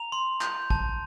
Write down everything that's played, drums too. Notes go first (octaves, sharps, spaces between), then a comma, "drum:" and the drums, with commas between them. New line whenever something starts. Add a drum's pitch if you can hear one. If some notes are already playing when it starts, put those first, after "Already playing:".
Already playing: A#5 F7
C6
G6, drum: clap
A5, drum: kick